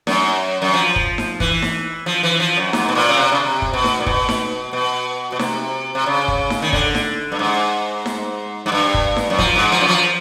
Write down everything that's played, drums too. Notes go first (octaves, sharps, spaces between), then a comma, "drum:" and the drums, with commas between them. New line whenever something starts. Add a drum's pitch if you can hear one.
F#2, drum: snare D#4
F#2
F3
drum: kick
drum: snare D#4
E3, drum: kick
drum: snare D#4
F3
E3
F3
F#2
G#2, drum: snare D#4
B2
A#2
C#3
C3
C#3
C3
drum: kick
B2
drum: snare D#4
A#2
B2, drum: kick
drum: snare D#4
B2
B2
C3, drum: snare D#4
C3
C#3
drum: kick
drum: snare D#4
D#3
D3, drum: kick
drum: snare D#4
G2
G#2
drum: snare D#4
G#2
G2
drum: kick
drum: snare D#4
F#2
F3, drum: kick
G#2
F3
F#2
F3